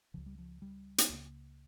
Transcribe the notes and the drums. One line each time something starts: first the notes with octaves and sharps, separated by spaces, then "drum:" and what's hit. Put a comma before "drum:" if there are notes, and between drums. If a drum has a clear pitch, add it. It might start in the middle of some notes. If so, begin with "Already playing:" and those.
C#2 C#3 F3
G3
F3
G3
drum: hi-hat
C#2 C#3 A#3